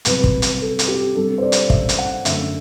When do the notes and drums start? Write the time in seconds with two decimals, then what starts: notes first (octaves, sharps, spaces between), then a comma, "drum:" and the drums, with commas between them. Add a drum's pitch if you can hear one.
0.05 C2 C3 F#3 B3 B4, drum: hi-hat
0.24 drum: kick
0.42 drum: hi-hat
0.61 A4
0.79 drum: hi-hat
0.88 G4
1.15 C3 G3 B3 D4 A4
1.38 C5
1.42 D5
1.52 drum: hi-hat
1.70 E5, drum: kick
1.89 drum: hi-hat
1.98 F#5
2.25 F#2 D3 A3 E5, drum: hi-hat